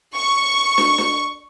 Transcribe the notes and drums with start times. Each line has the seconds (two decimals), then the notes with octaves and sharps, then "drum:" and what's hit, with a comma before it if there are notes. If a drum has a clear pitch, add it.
0.16 C#6
0.78 drum: snare
0.98 drum: snare